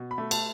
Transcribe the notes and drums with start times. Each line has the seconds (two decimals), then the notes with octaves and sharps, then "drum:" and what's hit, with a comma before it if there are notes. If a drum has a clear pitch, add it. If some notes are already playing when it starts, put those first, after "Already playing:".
Already playing: B2
0.11 B5
0.18 A3
0.31 A5, drum: cymbal